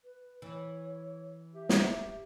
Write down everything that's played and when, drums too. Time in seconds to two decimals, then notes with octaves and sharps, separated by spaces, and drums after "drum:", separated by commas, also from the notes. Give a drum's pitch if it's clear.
0.04 B4
0.42 E3 C#5
1.55 G4 E5
1.69 drum: snare